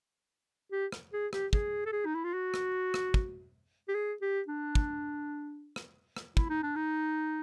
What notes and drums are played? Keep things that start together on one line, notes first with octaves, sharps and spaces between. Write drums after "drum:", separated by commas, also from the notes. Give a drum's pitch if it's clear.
G4
drum: rim click
G#4
G4, drum: rim click
G#4, drum: kick
A4
G#4
D#4
E4
F4
F#4
drum: rim click
drum: rim click
drum: kick
G4
G#4
G4
D4
drum: kick
drum: rim click
drum: rim click
E4, drum: kick
D#4
D4
D#4